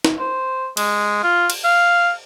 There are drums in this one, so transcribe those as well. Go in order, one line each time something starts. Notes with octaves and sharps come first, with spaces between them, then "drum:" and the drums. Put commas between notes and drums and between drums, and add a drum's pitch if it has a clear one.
drum: snare
C5
G#3, drum: cymbal
F4
drum: cymbal
F5